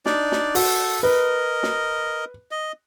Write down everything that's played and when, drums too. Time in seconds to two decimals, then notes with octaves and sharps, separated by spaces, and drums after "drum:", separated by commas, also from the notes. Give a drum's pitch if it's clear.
0.06 D4 D#4 D5, drum: snare
0.32 drum: snare
0.55 F#4 A4, drum: open hi-hat
1.03 A#4 B4 D#5
1.63 drum: snare
2.51 D#5